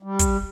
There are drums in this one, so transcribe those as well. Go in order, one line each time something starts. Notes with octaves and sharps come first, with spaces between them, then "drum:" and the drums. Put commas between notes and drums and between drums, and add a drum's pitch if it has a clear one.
G3
drum: kick, hi-hat